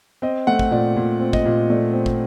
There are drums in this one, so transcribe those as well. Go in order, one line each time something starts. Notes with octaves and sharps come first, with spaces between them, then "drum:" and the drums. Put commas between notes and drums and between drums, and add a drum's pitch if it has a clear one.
C4 D#5
A3 F#5
drum: kick
A#2 D5
A#2
C4
D#5, drum: kick
A#2
A3 D5
C4
drum: kick